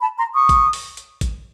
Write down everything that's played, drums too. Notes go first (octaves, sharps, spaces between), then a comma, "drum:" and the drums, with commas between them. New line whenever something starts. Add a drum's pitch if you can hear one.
A5 B5
A#5 C6
C#6 D#6
drum: kick A1, hi-hat
drum: open hi-hat
drum: hi-hat
drum: kick A1, hi-hat